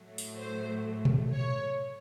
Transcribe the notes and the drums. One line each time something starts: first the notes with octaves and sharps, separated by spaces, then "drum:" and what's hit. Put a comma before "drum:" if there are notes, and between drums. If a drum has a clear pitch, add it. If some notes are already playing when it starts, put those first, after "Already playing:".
Already playing: A2 F#3 A3
drum: open hi-hat
C5
drum: tom B2
C#5